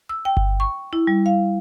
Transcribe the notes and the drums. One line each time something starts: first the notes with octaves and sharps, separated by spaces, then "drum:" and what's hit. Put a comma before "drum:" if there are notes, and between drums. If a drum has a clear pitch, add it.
E6
G5
drum: kick G1
C#6
E4
G3
F5